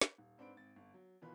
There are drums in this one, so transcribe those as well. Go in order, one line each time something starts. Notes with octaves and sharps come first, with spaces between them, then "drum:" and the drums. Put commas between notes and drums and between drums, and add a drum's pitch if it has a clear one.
drum: snare
D#1
G#2 C4 D4 B4 D7
G#1 A6
G1
F#3
B2 D#3 E3 F4 B4